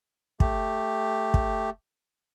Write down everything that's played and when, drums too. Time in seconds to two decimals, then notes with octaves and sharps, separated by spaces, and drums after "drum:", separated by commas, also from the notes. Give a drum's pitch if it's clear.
0.40 A3 G4, drum: kick
1.34 drum: kick